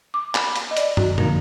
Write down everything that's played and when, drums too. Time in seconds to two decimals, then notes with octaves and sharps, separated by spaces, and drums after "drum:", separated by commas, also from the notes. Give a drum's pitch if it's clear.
0.14 D6
0.35 B5, drum: clap
0.56 drum: hi-hat
0.71 D#5
0.77 D5, drum: hi-hat
0.97 F#4, drum: tom
1.18 D3 F3 A#3 D#4 A#4, drum: tom